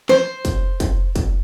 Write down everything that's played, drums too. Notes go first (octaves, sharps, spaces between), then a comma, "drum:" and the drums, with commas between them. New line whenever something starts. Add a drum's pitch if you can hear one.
C5, drum: snare
drum: kick, hi-hat
drum: kick, hi-hat
drum: kick, hi-hat